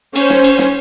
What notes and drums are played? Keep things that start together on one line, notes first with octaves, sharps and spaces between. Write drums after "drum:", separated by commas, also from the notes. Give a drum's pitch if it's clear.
C#4 C5, drum: cymbal
drum: snare
drum: cymbal
drum: snare